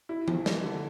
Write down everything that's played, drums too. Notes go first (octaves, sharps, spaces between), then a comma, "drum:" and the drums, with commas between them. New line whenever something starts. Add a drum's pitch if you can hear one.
E4
F3, drum: tom E3
E3, drum: snare
D3